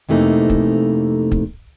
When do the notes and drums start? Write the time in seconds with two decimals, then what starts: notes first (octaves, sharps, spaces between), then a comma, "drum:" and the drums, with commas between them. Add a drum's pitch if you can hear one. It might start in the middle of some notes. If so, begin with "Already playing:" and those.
0.09 F2 C3 E3 A3 A#3 D#4
0.50 drum: kick
1.32 drum: kick